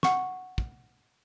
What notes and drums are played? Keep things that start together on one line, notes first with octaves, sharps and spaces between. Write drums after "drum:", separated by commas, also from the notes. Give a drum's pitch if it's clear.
F#5 C#6, drum: snare
drum: kick